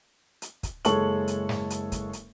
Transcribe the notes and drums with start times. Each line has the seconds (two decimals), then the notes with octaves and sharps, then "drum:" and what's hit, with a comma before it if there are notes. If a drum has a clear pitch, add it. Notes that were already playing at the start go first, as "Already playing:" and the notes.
0.42 drum: hi-hat
0.63 drum: kick, hi-hat
0.85 F#1 G#3 A4 C#5 C#6 F#7, drum: hi-hat
1.28 drum: hi-hat
1.49 drum: snare
1.70 drum: hi-hat
1.92 drum: kick, hi-hat
2.13 drum: hi-hat